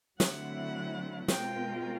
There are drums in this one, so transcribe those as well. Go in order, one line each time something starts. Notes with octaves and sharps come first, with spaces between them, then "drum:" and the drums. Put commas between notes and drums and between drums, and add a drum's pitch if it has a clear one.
D3 F#3 A3 C4 E4 F#5, drum: snare
B2 G#3 C4 F4 A#4 G5, drum: snare